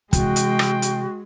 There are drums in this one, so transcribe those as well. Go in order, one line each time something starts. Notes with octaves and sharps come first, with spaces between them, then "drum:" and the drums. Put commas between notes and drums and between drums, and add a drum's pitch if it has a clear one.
C3 E3 G#3 F#4 G5, drum: kick, hi-hat
drum: hi-hat
drum: rim click
drum: hi-hat